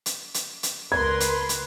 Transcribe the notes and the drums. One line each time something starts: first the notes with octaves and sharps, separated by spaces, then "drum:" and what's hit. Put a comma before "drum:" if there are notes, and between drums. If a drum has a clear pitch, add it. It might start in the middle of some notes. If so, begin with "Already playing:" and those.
drum: hi-hat
drum: hi-hat
drum: hi-hat
C#2 A#4 B4 C6 G#6
drum: hi-hat
drum: hi-hat